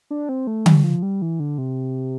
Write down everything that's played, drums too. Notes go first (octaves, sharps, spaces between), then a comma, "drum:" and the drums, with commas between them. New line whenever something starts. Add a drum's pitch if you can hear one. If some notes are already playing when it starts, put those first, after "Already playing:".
D4
C4
A3
G3, drum: tom D3
F3
G3
E3
D3
C3